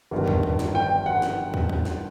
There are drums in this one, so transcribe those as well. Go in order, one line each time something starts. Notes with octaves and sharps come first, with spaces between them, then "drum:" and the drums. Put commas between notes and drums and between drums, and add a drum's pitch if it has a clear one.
G1 G2 D#3
drum: kick
drum: kick
drum: snare
G5
F#5
drum: snare
drum: kick
drum: kick
drum: snare